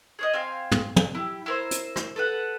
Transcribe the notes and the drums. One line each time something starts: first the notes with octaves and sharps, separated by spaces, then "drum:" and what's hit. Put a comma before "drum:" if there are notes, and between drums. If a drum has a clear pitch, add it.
G#4 C#5 D#5
C4 F5 G#5
drum: tom
drum: tom
E4 G4
E4 A#4 C5
drum: hi-hat
drum: rim click
A4 B4 F#5